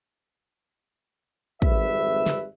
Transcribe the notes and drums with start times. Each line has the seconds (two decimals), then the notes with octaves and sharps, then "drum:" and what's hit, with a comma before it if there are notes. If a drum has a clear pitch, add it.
1.62 G#1 F2 G3 B4 E5, drum: kick
2.26 drum: snare